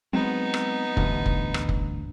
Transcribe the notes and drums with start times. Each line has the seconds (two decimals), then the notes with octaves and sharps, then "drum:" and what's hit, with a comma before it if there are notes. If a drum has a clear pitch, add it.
0.13 F#3 G#3 B3 C4 D#4
0.54 drum: rim click
0.97 A1 D2 G2, drum: kick
1.26 drum: kick
1.54 drum: rim click
1.69 drum: kick